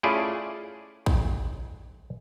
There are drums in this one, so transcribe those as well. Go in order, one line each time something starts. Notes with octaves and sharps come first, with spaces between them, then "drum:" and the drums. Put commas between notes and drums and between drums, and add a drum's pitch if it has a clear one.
A3 C#4 E4 F4 G#4 D5
drum: kick